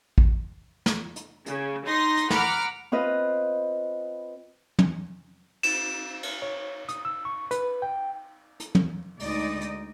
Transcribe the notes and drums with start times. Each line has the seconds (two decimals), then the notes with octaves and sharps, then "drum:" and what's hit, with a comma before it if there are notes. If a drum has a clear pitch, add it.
0.18 drum: kick A1
0.86 drum: snare
1.16 drum: hi-hat
1.46 C#3, drum: hi-hat
1.85 D#4 C6 A#6
2.17 drum: hi-hat
2.30 F#5 A#5 B5 D6 F6, drum: snare
2.92 C4 F4 B4 D#5
4.79 drum: tom
5.63 E7, drum: cymbal
6.23 drum: cymbal
6.42 C#5
6.89 D#6, drum: hi-hat
7.05 E6
7.25 C#6
7.51 B4, drum: hi-hat
7.82 G5
8.60 drum: hi-hat
8.75 drum: tom
9.20 D2 G#3 D#4 D5 D#5, drum: open hi-hat
9.61 drum: hi-hat